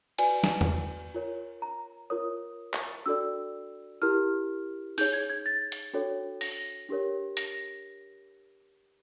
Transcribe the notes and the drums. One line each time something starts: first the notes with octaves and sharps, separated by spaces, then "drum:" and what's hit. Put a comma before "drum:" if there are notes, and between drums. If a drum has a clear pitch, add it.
F#4 B4 D5 G#5, drum: cymbal
drum: snare
drum: tom E2
F4 A#4 C#5
A#5
F4 A#4 C#5 D#6
drum: clap
D4 F#4 A4 D5 E6
E4 G4 A#4 F6
D#4 G#4 C#5 G6, drum: open hi-hat
G#6
G#6
A6
drum: hi-hat
D4 F#4 A4 C#5
A#6, drum: open hi-hat
D4 G4 A#4 C#5
A#6, drum: hi-hat